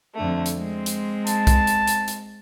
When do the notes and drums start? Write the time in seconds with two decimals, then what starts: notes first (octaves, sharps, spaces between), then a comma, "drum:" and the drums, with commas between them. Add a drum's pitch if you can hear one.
0.16 F2 D3 A3
0.46 drum: hi-hat
0.57 G#3 C4
0.86 drum: hi-hat
1.27 A5, drum: hi-hat
1.47 drum: kick B1, hi-hat
1.67 drum: hi-hat
1.88 drum: hi-hat
2.08 drum: hi-hat